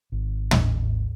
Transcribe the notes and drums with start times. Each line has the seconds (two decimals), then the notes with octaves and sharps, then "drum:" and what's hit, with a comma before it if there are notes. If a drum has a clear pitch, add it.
0.12 G#1
0.51 drum: tom